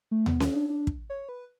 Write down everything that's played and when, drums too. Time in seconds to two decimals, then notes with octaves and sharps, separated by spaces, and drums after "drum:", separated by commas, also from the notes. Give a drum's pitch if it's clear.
0.11 A3
0.26 B3, drum: tom D#2
0.40 C#4, drum: snare C#4
0.55 D4
0.70 D4
0.87 drum: kick
1.10 C#5
1.29 B4